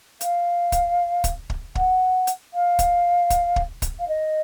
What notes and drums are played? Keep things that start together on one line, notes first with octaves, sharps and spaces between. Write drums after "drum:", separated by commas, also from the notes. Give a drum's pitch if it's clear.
F5, drum: hi-hat
drum: kick, hi-hat
drum: kick, hi-hat
drum: kick
F#5, drum: kick
drum: hi-hat
F5
drum: kick, hi-hat
drum: kick, hi-hat
drum: kick
drum: kick, hi-hat
F5
D#5